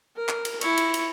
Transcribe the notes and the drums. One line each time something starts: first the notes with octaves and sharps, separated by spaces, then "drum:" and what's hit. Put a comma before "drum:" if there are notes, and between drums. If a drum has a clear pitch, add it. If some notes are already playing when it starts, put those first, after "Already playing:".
A#4
drum: clap
drum: cymbal
E4 C#6, drum: cymbal
drum: cymbal
drum: cymbal